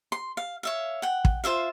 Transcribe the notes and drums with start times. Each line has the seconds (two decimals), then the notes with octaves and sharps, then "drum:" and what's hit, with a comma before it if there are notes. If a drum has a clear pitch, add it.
0.12 C6
0.37 F5
0.63 C#5 E5 F5
1.02 F#5 G5
1.25 drum: kick
1.44 F4 C5 E5 F5